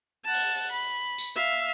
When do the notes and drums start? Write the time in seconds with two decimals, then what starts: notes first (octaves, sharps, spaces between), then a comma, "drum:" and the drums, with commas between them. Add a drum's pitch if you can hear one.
0.25 F#5 A5
0.34 drum: open hi-hat
0.71 B5
1.18 drum: tambourine
1.36 E5 F5